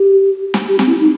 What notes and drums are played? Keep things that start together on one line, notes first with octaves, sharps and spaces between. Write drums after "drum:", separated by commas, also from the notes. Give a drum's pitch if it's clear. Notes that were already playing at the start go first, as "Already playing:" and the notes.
Already playing: G4
drum: snare
G4
C4, drum: snare
E4
D#4